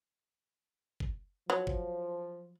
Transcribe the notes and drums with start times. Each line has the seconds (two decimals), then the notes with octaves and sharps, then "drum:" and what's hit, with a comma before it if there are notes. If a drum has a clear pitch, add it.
1.00 drum: kick
1.50 F3 F#3
1.67 drum: kick